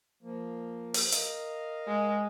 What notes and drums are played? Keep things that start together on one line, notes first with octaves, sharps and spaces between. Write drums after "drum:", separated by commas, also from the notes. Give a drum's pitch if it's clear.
F3 A#3
drum: open hi-hat
A#4 D#5 F5, drum: hi-hat
G#3